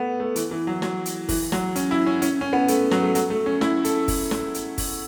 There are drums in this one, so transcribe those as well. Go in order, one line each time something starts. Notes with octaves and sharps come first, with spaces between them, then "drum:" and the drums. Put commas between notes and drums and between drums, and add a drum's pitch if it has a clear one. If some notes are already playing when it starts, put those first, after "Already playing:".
Already playing: A3 B3
A3
E3, drum: hi-hat
E3
F#3
F#3, drum: snare
drum: hi-hat
E3, drum: kick F#1, open hi-hat
F#3, drum: snare
C#4, drum: hi-hat
E4
C#4
C#4, drum: hi-hat
C#4
B3
A3, drum: hi-hat
F#3, drum: snare
A3
F#3, drum: hi-hat
A3
C#4
E4, drum: snare
A4, drum: hi-hat
drum: kick F#1, open hi-hat
drum: snare
drum: hi-hat
drum: kick F#1, open hi-hat